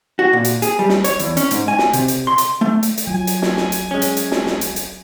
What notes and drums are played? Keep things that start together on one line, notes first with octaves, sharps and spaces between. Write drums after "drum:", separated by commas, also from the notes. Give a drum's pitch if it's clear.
F#4
A#2
drum: hi-hat
G#4, drum: hi-hat
G3
drum: snare
C#5, drum: hi-hat
E2, drum: hi-hat
C#4, drum: hi-hat
G#2, drum: hi-hat
G#5
drum: snare
C3, drum: hi-hat
drum: hi-hat
C6
drum: hi-hat
A3
drum: hi-hat
drum: hi-hat
F#3 F4 G#5
drum: hi-hat
drum: snare
drum: snare
drum: hi-hat
G#3 C#4
drum: hi-hat
drum: hi-hat
drum: snare
drum: snare
drum: hi-hat
drum: hi-hat